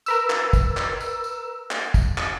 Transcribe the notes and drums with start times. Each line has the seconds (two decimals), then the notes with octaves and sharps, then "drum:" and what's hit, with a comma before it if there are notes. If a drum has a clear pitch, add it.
0.06 A#4 B4 E6, drum: tambourine
0.30 drum: clap
0.53 drum: kick, tambourine
0.77 drum: clap
1.00 drum: tambourine
1.24 drum: tambourine
1.71 drum: clap
1.94 drum: kick, tambourine
2.18 drum: clap